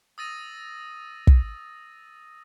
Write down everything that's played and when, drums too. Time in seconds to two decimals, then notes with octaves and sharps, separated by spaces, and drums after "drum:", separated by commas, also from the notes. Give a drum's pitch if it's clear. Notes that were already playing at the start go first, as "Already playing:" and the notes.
0.18 D#6 E6 A6 A#6 D#7
1.27 drum: kick